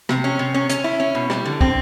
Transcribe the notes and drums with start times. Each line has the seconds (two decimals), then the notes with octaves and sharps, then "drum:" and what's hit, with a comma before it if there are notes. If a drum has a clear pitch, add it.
0.09 C3, drum: rim click
0.24 C#4
0.39 C3
0.54 C#4
0.70 C#4, drum: hi-hat
0.84 E4
1.00 C#4
1.15 B2
1.30 G3, drum: rim click
1.46 D3
1.61 C4, drum: kick